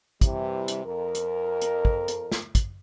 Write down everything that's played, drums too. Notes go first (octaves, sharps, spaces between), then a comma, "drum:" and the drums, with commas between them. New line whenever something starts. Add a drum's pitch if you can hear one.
C3 E3 G3, drum: kick, hi-hat
drum: hi-hat
F2 A#4
drum: hi-hat
drum: hi-hat
drum: kick
drum: hi-hat
drum: snare
drum: kick, hi-hat